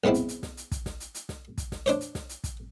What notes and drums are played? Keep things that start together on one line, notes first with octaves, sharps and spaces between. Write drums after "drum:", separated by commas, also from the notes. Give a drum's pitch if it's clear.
B1 G#2 B3 C4 E4
drum: hi-hat
drum: hi-hat
drum: snare
drum: hi-hat
drum: kick, hi-hat
drum: snare
drum: hi-hat
drum: hi-hat
drum: snare
drum: kick, hi-hat
drum: snare
D4 C5 C#5, drum: hi-hat
drum: hi-hat
drum: snare
drum: hi-hat
drum: kick, hi-hat